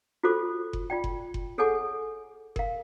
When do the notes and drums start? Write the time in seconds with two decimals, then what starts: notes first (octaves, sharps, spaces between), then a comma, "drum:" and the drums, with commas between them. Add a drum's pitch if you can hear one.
0.24 F4 F#4 A4 C5 D6
0.73 drum: kick F#1
0.90 F4 D5 G5
1.04 drum: kick F#1
1.34 drum: kick F#1
1.58 G#4 A4 C#5 F#5 G#5 D6
2.56 A#4 F5, drum: kick F#1